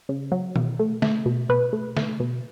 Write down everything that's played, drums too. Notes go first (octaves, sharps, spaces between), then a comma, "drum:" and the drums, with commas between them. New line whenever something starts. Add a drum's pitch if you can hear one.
C#3
F#3
B2, drum: tom D#3
A3
A3, drum: snare
B2
B2 B4
A3
A3, drum: snare
B2